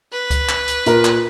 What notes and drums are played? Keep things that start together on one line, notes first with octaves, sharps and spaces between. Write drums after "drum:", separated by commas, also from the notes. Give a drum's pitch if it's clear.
B4
drum: kick C#2, hi-hat
drum: clap
drum: hi-hat
A#2 A#4, drum: hi-hat
drum: clap